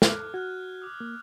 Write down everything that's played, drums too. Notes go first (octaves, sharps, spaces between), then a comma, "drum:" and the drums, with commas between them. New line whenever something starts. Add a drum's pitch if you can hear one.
A4 D6 F6 F#6 G#6, drum: snare
F#4 F6 F#6 G#6
D6 D#6
A#3